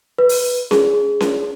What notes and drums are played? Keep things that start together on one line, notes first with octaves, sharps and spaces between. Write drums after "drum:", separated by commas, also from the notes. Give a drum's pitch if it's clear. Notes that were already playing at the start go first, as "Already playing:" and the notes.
B4
drum: open hi-hat
G#4, drum: snare C#4
drum: snare C#4